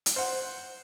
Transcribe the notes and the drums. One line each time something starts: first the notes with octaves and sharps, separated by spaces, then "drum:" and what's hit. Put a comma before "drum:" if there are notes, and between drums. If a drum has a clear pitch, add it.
drum: hi-hat
C5 F#5